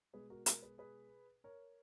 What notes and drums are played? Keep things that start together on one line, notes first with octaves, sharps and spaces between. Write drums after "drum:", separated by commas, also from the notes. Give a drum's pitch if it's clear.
B2 G#3 G#4 B4
F#4 A#4
F#4 A#4, drum: hi-hat
G#4 B4
G#4 B4
A#4 C#5